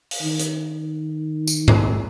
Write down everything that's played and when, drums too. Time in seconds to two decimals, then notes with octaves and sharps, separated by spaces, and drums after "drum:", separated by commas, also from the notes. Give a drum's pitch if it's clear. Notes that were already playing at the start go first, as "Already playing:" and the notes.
0.11 drum: open hi-hat
0.22 D#3
0.39 drum: hi-hat
1.47 drum: tambourine
1.68 drum: tom G#2